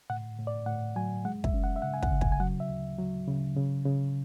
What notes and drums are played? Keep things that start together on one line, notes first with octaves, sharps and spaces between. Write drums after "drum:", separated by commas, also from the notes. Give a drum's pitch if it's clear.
A2 F#5
A2
D5
A2 F#5
F#3 G#5
G#3 F#5
E5, drum: kick
C#4
F#5
E5
C#3 F#5
G#5
F#5, drum: kick
C#3
G#5, drum: kick
G#5
F#3 F#5
E5
D2
F#3
C#3
C#3
C#3